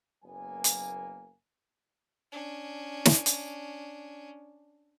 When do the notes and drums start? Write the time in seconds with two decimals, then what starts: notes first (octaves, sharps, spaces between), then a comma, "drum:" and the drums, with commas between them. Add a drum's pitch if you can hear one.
0.24 F#1 F#3 A#3 B3 G#5
0.64 drum: hi-hat
2.32 C#4 D4
3.05 drum: snare
3.26 drum: hi-hat